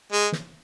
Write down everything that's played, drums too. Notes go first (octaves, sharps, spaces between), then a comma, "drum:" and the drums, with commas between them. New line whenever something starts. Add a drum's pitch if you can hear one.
G#3
drum: snare